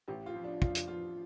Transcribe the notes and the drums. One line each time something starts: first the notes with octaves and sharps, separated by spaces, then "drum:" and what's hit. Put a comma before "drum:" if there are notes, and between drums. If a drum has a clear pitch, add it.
A1 G4
F4
F3
D4
F3 F4, drum: kick
drum: hi-hat
F3 F4